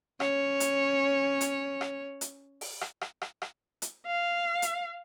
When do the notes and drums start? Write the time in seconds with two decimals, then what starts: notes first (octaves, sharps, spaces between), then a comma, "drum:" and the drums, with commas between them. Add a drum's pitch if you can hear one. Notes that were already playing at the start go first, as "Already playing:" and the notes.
0.20 C#4 C#5, drum: rim click
0.60 drum: hi-hat
1.41 drum: hi-hat
1.81 drum: rim click
2.21 drum: hi-hat
2.61 drum: open hi-hat
2.81 drum: rim click
3.01 drum: rim click
3.22 drum: rim click
3.42 drum: rim click
3.82 drum: hi-hat
4.06 F5
4.62 drum: hi-hat